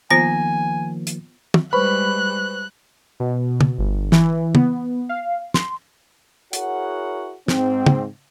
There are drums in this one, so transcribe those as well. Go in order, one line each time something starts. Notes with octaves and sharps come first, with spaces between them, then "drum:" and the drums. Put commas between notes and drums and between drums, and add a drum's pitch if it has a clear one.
D#3 F3 A#3 B3 F4 C5 G#5 A#6
drum: hi-hat
drum: tom
G3 G#3 B4 C5 B5 C#6 F#6
B2
drum: tom
G1
E3, drum: snare
B3, drum: tom
F5
C6, drum: snare
E4 F#4 G#4 A#4 C#5 F#5, drum: hi-hat
G#2 C4, drum: snare
drum: tom